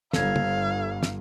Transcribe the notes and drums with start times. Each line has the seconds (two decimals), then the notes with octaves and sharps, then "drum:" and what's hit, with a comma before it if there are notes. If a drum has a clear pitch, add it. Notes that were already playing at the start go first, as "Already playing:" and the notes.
0.13 G1 A4 F5 G#6, drum: snare
0.36 drum: tom
1.03 drum: snare